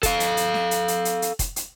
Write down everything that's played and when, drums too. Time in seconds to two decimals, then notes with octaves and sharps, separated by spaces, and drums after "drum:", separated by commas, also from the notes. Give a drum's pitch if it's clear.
0.03 A4 F5, drum: kick F1, hi-hat
0.20 drum: hi-hat
0.37 drum: hi-hat
0.54 drum: snare
0.71 drum: hi-hat
0.88 drum: hi-hat
1.05 drum: hi-hat
1.22 drum: hi-hat
1.39 drum: kick F1, hi-hat
1.56 drum: hi-hat